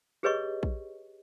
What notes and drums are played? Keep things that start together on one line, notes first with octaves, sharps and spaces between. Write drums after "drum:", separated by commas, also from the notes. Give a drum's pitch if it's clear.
G4 G#4 B4 C#5 D#5 C#6
drum: kick A#1